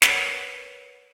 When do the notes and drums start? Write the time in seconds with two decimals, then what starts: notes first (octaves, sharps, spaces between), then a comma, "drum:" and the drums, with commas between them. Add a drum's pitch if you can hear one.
0.02 A#4 B4 C#5 F#5, drum: snare